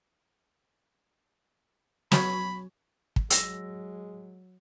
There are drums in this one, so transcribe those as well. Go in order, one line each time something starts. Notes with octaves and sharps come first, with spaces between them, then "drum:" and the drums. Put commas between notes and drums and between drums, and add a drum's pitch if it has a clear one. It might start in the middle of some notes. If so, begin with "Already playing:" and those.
F#3 C#5 B5, drum: snare
drum: kick
F#3 G#3 E6 A#6, drum: hi-hat